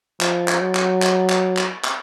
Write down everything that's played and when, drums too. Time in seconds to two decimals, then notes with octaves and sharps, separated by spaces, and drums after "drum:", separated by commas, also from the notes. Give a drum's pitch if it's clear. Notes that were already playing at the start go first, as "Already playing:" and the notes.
0.21 F3, drum: clap
0.48 drum: clap
0.61 F#3
0.75 drum: clap
1.02 drum: clap
1.30 drum: clap
1.57 drum: clap
1.84 drum: clap